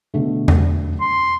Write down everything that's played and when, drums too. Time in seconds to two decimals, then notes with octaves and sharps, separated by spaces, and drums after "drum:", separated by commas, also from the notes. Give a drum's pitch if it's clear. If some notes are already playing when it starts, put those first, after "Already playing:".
0.14 B2 D3 A3
0.48 drum: tom E2
1.01 C6